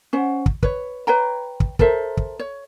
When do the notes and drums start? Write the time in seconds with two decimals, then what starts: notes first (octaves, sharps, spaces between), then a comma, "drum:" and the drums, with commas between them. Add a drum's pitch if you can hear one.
0.13 C#4 C5 F#5
0.46 drum: kick
0.63 B4 C#5, drum: kick
1.07 B4 C#5 G5 A#5
1.60 drum: kick
1.79 A4 A#4 C5 E5, drum: kick
2.17 drum: kick
2.39 C#5